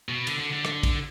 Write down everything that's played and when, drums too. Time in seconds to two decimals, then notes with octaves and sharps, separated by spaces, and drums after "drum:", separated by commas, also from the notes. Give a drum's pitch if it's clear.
0.09 B2
0.27 D3, drum: cymbal
0.40 D3
0.53 D3
0.65 drum: rim click
0.83 drum: kick A1, cymbal